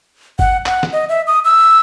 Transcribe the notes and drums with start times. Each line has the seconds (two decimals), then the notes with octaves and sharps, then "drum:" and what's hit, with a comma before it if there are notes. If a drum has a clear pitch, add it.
0.39 F#5, drum: kick G1
0.66 F#5, drum: clap
0.83 drum: snare
0.93 D#5
1.09 E5
1.27 D#6
1.45 E6